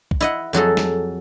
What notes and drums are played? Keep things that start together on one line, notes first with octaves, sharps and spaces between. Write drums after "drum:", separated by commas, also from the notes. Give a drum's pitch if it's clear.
drum: kick B1
E4 D#5 F#5
F2 F#3 G#4 A4
drum: snare